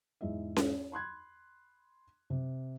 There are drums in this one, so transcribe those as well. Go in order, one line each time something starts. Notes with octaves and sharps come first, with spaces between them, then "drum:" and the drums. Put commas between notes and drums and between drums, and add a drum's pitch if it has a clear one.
E2 G#2 D#5 E5
drum: snare C#4
B5 C6 F#6 G#6
C3